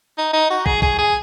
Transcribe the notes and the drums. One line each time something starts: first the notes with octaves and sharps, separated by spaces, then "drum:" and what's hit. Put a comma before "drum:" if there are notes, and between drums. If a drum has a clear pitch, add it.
D#4
D#4
F#4
G#4, drum: kick
G#4, drum: kick
G#4